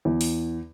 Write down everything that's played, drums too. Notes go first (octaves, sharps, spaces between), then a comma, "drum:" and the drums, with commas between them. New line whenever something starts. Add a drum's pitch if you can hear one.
E2
drum: open hi-hat